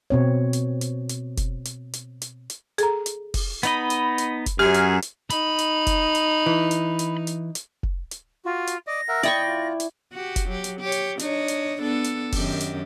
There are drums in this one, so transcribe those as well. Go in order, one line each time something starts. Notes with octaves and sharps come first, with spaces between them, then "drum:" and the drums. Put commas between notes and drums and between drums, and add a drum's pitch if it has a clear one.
B2 C4 C#5
drum: hi-hat
drum: hi-hat
drum: hi-hat
drum: kick F1, hi-hat
drum: hi-hat
drum: hi-hat
drum: hi-hat
drum: hi-hat
G#4 A4 A#5, drum: hi-hat
drum: hi-hat
drum: kick F1, open hi-hat
B3 D#4 D#5 B5, drum: hi-hat
drum: hi-hat
drum: hi-hat
drum: kick F1, hi-hat
F#2 G4 G#4 F6
drum: hi-hat
drum: hi-hat
D#4 B5, drum: hi-hat
drum: hi-hat
drum: kick F1, hi-hat
drum: hi-hat
E3
drum: hi-hat
drum: hi-hat
drum: hi-hat
drum: hi-hat
drum: kick F1
drum: hi-hat
F4 F#4
drum: hi-hat
D5 D#5 A#6
A#4 E5 F#5
E4 D5 D#5 G5 C#6, drum: hi-hat
F4
drum: hi-hat
F#4 G4
drum: kick F1, hi-hat
F#3 G4
drum: hi-hat
G4 C#5
drum: hi-hat
D4 D#4 C#5, drum: hi-hat
drum: hi-hat
B3 D4 A4
drum: hi-hat
F#2 D#3 G4, drum: kick F1, open hi-hat
drum: hi-hat